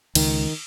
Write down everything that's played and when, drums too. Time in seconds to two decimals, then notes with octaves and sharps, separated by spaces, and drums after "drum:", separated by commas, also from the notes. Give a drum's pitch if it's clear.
0.15 C#2 D#3, drum: cymbal